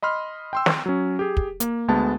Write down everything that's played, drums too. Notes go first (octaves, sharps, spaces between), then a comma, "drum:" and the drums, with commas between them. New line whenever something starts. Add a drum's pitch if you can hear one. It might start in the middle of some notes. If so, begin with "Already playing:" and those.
D#5 B5 C6 F6
G5 C6 E6
drum: snare
F#3 C#4
G4 G#4
drum: kick
A#3, drum: hi-hat
D2 G#3 B3 A5